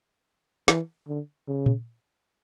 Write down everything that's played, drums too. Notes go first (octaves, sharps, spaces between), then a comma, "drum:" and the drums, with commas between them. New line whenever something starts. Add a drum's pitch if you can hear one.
E3, drum: snare
D3
C#3
drum: tom A#2